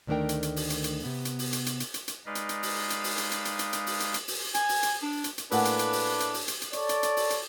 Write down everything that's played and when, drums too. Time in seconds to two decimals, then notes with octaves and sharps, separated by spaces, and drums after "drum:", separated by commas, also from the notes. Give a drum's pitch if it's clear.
0.07 D2 D#3 A3 D4 A#4 G5
0.29 drum: hi-hat
0.43 drum: hi-hat
0.56 drum: open hi-hat
0.70 drum: hi-hat
0.84 drum: hi-hat
1.04 C3 B3
1.25 drum: hi-hat
1.39 drum: open hi-hat
1.53 drum: hi-hat
1.66 drum: hi-hat
1.80 drum: hi-hat
1.94 drum: hi-hat
2.08 drum: hi-hat
2.26 G#3 D#4 B4 D5 D#5 F5
2.35 drum: hi-hat
2.49 drum: hi-hat
2.63 drum: open hi-hat
2.90 drum: hi-hat
3.04 drum: open hi-hat
3.18 drum: hi-hat
3.31 drum: hi-hat
3.45 drum: hi-hat
3.59 drum: hi-hat
3.73 drum: hi-hat
3.86 drum: open hi-hat
4.00 drum: hi-hat
4.14 drum: hi-hat
4.28 drum: open hi-hat
4.54 G#5, drum: hi-hat
4.69 drum: open hi-hat
4.83 drum: hi-hat
5.03 D4
5.24 drum: hi-hat
5.38 drum: hi-hat
5.52 A2 A#3 D4 A4 B4 F#5 G#5, drum: open hi-hat
5.65 drum: hi-hat
5.79 drum: hi-hat
5.93 drum: open hi-hat
6.20 drum: hi-hat
6.34 drum: open hi-hat
6.48 drum: hi-hat
6.62 drum: hi-hat
6.73 A4 C#5 D5, drum: hi-hat
6.89 drum: hi-hat
7.03 drum: hi-hat
7.17 drum: open hi-hat
7.30 drum: hi-hat